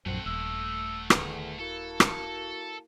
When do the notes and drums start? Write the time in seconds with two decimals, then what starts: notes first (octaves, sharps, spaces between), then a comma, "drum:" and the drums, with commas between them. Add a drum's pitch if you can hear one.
0.06 A#1 F#2 A3 C4 C5 F#5
0.26 D#1 E6
1.10 E2 D3 D#3, drum: rim click
1.59 A#3 E4 F#4 A4
2.00 drum: rim click